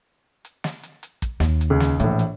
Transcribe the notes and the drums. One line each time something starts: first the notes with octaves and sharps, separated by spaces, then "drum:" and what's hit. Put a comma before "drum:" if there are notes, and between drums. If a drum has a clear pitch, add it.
drum: hi-hat
drum: snare
drum: hi-hat
drum: hi-hat
drum: kick, hi-hat
D#2, drum: snare
drum: hi-hat
C#2 G#4
drum: snare
A#1 A2 E3, drum: hi-hat
drum: hi-hat